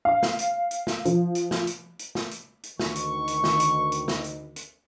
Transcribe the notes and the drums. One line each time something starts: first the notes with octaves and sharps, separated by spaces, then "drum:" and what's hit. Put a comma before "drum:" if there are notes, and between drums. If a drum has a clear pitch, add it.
F5
drum: snare
drum: hi-hat
drum: hi-hat
drum: snare
F3, drum: hi-hat
drum: hi-hat
drum: snare
drum: hi-hat
drum: hi-hat
drum: snare
drum: hi-hat
drum: hi-hat
D2 D#3 C#6, drum: snare
drum: hi-hat
drum: hi-hat
drum: snare
drum: hi-hat
drum: hi-hat
drum: snare
drum: hi-hat
drum: hi-hat